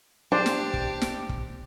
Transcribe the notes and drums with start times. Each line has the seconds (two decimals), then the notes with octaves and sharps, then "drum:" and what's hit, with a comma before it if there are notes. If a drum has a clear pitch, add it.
0.32 D4 G4 C5
0.46 drum: snare
0.74 drum: kick
1.01 drum: snare
1.29 drum: kick